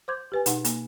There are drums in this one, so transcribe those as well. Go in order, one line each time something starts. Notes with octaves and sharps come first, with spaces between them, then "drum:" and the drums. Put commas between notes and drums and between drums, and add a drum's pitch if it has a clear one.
C5 C6 D6 G6 G#6
G4 B4 G#5
B2 D#4 F#5, drum: hi-hat
A#3, drum: hi-hat